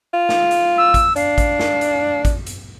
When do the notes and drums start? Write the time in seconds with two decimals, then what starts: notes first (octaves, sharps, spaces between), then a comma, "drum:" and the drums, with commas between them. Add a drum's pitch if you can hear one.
0.14 F4
0.29 drum: snare
0.51 drum: hi-hat
0.77 E6
0.94 drum: kick A1, hi-hat
1.16 D4 F5, drum: hi-hat
1.38 drum: kick A1, hi-hat
1.59 drum: snare
1.81 drum: hi-hat
2.25 drum: kick A1, hi-hat
2.46 drum: hi-hat